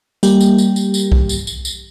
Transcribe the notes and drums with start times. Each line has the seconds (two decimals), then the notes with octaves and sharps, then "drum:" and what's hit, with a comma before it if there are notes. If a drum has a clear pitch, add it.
0.23 G3 A#3 G4, drum: tambourine
0.41 drum: tambourine
0.58 drum: tambourine
0.76 drum: tambourine
0.94 drum: tambourine
1.12 drum: kick B1
1.29 drum: tambourine
1.47 drum: tambourine
1.65 drum: tambourine